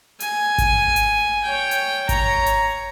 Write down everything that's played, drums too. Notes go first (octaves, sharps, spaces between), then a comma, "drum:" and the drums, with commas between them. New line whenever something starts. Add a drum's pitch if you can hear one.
G#5, drum: hi-hat
drum: kick G#1, hi-hat
drum: hi-hat
C#5 G5
drum: hi-hat
C#5 A#5, drum: kick G#1, hi-hat
drum: hi-hat